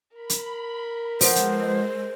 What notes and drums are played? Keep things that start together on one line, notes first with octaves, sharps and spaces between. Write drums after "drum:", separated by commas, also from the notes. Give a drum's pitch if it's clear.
A#4 B5
drum: hi-hat
F3 G#3 B3 C5, drum: open hi-hat
drum: hi-hat